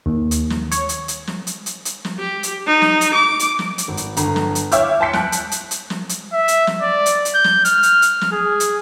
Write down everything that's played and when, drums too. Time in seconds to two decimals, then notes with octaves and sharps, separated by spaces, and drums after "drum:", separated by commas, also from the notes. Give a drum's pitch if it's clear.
0.06 D#2
0.31 drum: hi-hat
0.50 drum: snare
0.71 C#5, drum: hi-hat
0.89 drum: hi-hat
1.08 drum: hi-hat
1.27 drum: snare
1.47 drum: hi-hat
1.66 drum: hi-hat
1.85 drum: hi-hat
2.05 drum: snare
2.19 G4
2.43 drum: hi-hat
2.67 D#4
2.82 drum: snare
3.01 drum: hi-hat
3.15 D6
3.39 drum: hi-hat
3.59 drum: snare
3.78 drum: hi-hat
3.88 G#1
3.97 drum: hi-hat
4.17 G1 A#5, drum: hi-hat
4.36 drum: snare
4.55 drum: hi-hat
4.72 C#5 E5 D6 E6 F6 G6, drum: hi-hat
5.00 G#5 A5 C6 G6 B6 C#7
5.13 A5 F#6 D7, drum: snare
5.32 drum: hi-hat
5.52 drum: hi-hat
5.71 drum: hi-hat
5.90 drum: snare
6.09 drum: hi-hat
6.33 E5
6.48 drum: hi-hat
6.67 drum: snare
6.82 D5
7.06 drum: hi-hat
7.25 drum: hi-hat
7.35 G6
7.44 drum: snare
7.65 F6, drum: hi-hat
7.83 drum: hi-hat
8.02 drum: hi-hat
8.21 drum: snare
8.32 G#4
8.60 drum: hi-hat